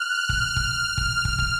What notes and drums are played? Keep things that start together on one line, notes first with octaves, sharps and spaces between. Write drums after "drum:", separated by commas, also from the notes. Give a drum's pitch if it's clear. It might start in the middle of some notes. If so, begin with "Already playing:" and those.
Already playing: F6 F#6
F6, drum: kick
drum: kick
drum: kick
drum: kick
drum: kick